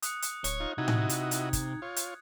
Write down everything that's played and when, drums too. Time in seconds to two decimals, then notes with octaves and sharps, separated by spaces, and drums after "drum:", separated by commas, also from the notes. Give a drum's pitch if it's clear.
0.02 D#6 F#6 C#7, drum: hi-hat
0.22 drum: hi-hat
0.44 D1 C#5, drum: hi-hat
0.60 D#4 F4
0.78 C3 D#4 E4 F#4 D#5 G#6
0.88 drum: tom A2
1.09 drum: hi-hat
1.31 drum: hi-hat
1.53 drum: kick, hi-hat
1.82 F4 C#5
1.96 drum: hi-hat